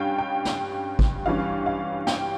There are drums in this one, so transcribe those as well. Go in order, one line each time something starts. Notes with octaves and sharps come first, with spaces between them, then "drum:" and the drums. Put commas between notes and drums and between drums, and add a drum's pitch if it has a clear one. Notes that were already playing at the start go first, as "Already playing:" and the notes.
Already playing: G2 G3 C#4 F5 G5
G5
drum: snare
drum: kick
G2 E3 G3 C#4 F5
F5
G5, drum: snare